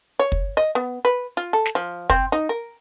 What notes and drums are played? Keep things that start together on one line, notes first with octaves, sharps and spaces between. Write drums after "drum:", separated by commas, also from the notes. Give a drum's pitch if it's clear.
C#5
drum: kick
D#5
B3
B4
F4
A4
drum: snare
F3
C4, drum: kick
D#4
A#4